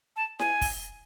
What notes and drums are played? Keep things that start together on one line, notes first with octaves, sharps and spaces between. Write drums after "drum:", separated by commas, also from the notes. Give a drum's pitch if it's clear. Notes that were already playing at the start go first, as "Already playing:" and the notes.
A5
G#5, drum: snare E4
drum: kick, open hi-hat